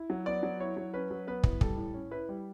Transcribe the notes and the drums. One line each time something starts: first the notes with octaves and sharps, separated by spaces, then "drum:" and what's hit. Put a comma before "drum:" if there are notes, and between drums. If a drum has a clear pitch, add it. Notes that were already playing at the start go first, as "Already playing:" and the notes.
Already playing: E4
F#3
B3 D5
F#3
E4 C#5
F#3
C#4 B4
F#3
B3 B4
E4, drum: kick
G3 A4, drum: kick
A2
C#4
E4 B4
G3